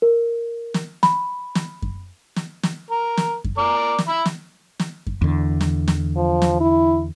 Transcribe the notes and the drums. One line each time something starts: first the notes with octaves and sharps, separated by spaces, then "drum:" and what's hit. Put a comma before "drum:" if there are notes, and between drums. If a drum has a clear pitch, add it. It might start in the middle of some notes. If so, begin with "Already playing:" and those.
A#4
drum: snare
B5, drum: snare
drum: snare
drum: kick F#2
drum: snare
drum: snare
A#4
drum: snare
drum: kick F#2
A#4 D5
drum: snare
E5 B5
drum: snare
drum: snare
drum: kick F#2
E2 D3
drum: snare
drum: snare
F3
drum: snare
E4